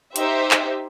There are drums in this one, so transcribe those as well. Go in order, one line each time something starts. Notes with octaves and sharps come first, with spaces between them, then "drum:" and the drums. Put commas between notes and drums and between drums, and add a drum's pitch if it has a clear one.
D#4 G4 C5 E5, drum: hi-hat
drum: clap